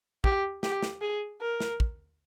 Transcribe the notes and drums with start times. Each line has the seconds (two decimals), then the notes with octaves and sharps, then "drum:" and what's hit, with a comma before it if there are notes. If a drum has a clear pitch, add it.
0.24 G4, drum: kick
0.63 G4, drum: snare
0.83 drum: snare
1.02 G#4
1.41 A#4
1.60 drum: snare
1.80 drum: kick